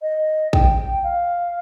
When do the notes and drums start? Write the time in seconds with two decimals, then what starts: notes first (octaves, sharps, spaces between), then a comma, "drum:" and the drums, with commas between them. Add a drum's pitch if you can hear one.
0.02 D#5
0.53 G5, drum: kick
1.03 F5